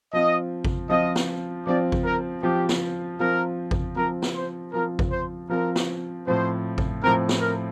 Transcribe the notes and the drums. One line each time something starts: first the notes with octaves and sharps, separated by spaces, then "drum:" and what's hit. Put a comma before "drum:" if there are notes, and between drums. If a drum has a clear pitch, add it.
F3 C4 F4 D#5
drum: kick G#1
F3 C4 F4 D#5
drum: snare
F3 C4 F4 D5
drum: kick G#1
A#4
F3 C4 F4 G4
drum: snare
F3 C4 F4 A#4
drum: kick G#1
F3 C4 F4 A#4
drum: snare
C5
F3 C4 F4 A#4
drum: kick G#1
C5
F3 C4 F4 A#4
drum: snare
A2 F3 C4 C5
drum: kick G#1
A2 F3 C4 A#4
drum: snare
A#4